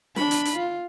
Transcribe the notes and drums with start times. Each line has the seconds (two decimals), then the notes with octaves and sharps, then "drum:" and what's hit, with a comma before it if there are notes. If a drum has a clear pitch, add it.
0.16 D4 B5, drum: snare
0.31 drum: hi-hat
0.45 drum: hi-hat
0.56 F4